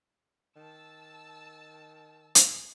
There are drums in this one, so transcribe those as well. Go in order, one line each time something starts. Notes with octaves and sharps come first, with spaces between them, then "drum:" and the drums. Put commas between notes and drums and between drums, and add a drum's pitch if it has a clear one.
D#3 A5 E6
drum: hi-hat